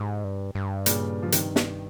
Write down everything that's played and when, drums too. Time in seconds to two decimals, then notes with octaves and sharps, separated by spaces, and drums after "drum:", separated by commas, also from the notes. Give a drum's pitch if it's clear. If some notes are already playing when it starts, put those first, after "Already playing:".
Already playing: G#2 C3
0.24 G2
0.55 G2
0.86 A#2 C#3, drum: hi-hat
1.22 F3
1.32 C3 D#3, drum: hi-hat
1.56 drum: snare